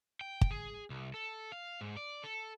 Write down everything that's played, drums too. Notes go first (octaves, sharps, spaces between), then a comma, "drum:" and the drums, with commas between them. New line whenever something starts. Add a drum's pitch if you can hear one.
G5
drum: kick
G#4
C2
A4
F5
G#2
D5
A4